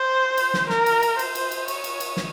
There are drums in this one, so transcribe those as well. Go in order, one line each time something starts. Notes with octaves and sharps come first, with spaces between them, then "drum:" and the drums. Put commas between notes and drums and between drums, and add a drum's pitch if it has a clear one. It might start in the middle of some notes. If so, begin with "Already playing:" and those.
Already playing: C5
drum: cymbal
drum: snare
A#4, drum: snare
drum: cymbal
drum: cymbal
C5, drum: cymbal
drum: cymbal
drum: cymbal
C#5, drum: cymbal
drum: cymbal
drum: cymbal
drum: snare